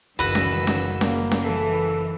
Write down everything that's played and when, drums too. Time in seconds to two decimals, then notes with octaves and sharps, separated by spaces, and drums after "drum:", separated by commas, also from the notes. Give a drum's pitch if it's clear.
0.19 F#1 D#3 E3 F#4 B4 E6
0.35 drum: snare C#4
0.67 drum: snare C#4
1.01 A#3, drum: snare C#4
1.31 drum: snare C#4
1.45 E3 A4